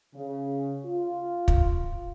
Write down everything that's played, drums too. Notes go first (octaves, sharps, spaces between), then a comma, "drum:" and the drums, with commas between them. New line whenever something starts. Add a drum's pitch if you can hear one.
C#3
F4
drum: kick